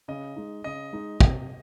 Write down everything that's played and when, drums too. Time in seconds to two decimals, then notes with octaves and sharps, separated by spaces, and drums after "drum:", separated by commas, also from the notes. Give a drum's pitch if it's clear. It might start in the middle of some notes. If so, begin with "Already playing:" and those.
0.08 C#3 D#5
0.36 G#3 D#4
0.64 C#3 D#5
0.93 G#3 D#4
1.21 C3, drum: kick